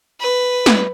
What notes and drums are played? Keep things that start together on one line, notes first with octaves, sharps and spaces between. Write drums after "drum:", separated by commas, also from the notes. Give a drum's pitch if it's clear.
B4
drum: snare